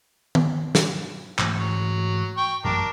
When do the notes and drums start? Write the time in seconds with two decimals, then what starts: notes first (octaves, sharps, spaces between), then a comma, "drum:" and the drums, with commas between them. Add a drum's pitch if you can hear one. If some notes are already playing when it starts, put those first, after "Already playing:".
0.35 drum: tom D#3
0.75 drum: snare
1.39 G#2 E3 A3, drum: clap
1.59 F#3
2.37 G5 C#6
2.64 A1 F#2 D4 A#4